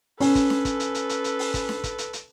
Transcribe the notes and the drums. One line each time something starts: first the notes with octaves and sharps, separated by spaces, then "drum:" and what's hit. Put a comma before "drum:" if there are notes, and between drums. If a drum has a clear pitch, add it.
C#4 A4 B4, drum: open hi-hat
drum: kick, hi-hat
drum: snare D4
drum: kick, hi-hat
drum: hi-hat
drum: hi-hat
drum: hi-hat
drum: hi-hat
drum: open hi-hat
drum: kick, hi-hat
drum: snare D4
drum: kick, hi-hat
drum: hi-hat
drum: hi-hat